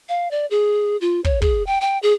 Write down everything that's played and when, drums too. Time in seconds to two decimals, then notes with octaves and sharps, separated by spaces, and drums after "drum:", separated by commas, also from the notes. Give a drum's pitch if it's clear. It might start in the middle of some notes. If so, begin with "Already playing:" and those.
0.09 F5
0.31 D5
0.51 G#4
1.01 F4
1.24 C#5, drum: kick
1.42 G#4, drum: kick
1.67 G5
1.81 G5
2.03 G#4